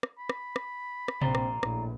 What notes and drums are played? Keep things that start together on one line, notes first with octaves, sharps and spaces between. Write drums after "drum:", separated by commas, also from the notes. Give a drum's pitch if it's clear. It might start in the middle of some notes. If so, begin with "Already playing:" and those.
drum: rim click
B5
drum: rim click
drum: rim click
drum: rim click
A#1 C4 D5 A#5 C6, drum: tom C3
drum: rim click
A#1 A2, drum: rim click